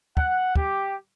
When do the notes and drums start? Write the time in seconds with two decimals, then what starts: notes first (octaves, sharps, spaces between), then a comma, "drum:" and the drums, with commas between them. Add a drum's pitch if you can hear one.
0.17 F#5, drum: kick
0.56 G4, drum: kick